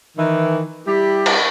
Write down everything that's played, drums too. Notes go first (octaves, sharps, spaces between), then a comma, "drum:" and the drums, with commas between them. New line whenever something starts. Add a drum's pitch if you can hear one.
D#3 E3
G3 E4 G4
drum: cymbal